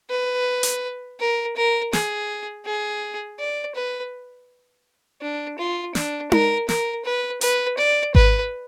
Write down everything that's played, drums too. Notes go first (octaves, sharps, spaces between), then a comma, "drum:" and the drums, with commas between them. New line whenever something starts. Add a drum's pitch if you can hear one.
B4
drum: hi-hat
A#4
A#4
G#4, drum: snare
G#4
D5
B4
D4
F4
D4, drum: snare
A#4, drum: tom D#4
A#4, drum: snare
B4
B4, drum: hi-hat
D5
B4, drum: kick G#1